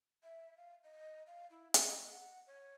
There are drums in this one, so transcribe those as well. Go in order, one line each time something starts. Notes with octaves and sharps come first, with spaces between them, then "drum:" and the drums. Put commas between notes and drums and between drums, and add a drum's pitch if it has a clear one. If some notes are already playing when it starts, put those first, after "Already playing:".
E5
F5
D#5
F5
E4
D#5, drum: hi-hat
F#5
C#5